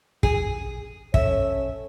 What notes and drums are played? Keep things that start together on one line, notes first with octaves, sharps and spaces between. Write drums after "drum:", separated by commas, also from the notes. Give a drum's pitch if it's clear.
G#4, drum: kick
C#4 A4 C#5 E5, drum: kick